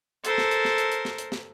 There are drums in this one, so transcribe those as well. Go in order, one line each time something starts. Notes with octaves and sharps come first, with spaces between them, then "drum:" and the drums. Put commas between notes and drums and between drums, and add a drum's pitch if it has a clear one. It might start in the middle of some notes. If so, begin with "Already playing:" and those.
A4 A#4 C5, drum: hi-hat
drum: snare
drum: hi-hat
drum: snare
drum: hi-hat
drum: hi-hat
drum: snare
drum: hi-hat
drum: snare